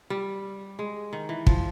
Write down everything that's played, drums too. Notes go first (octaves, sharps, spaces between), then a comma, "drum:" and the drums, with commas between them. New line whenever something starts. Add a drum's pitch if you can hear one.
G3
G#3
D#3
E3
F3, drum: kick